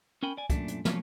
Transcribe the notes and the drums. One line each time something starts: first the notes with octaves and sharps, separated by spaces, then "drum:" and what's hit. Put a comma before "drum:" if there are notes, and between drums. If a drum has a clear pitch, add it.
C#4 A#4 G5 G#5 B5
D5 G#5
F#2 A#2 A3 D4, drum: kick, hi-hat
drum: hi-hat
F3 F#3 A3 A#3 C#4 F4, drum: snare